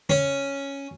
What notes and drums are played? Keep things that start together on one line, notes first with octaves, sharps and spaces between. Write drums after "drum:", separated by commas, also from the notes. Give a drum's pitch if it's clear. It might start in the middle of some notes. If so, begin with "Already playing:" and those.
C#4, drum: tom C#3